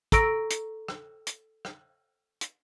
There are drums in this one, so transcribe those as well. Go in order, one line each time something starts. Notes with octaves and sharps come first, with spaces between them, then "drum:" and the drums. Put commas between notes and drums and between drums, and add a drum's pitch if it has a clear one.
A4 A#5 C#6 E6 A#6 D7, drum: kick, hi-hat
drum: hi-hat
drum: rim click
drum: hi-hat
drum: rim click
drum: hi-hat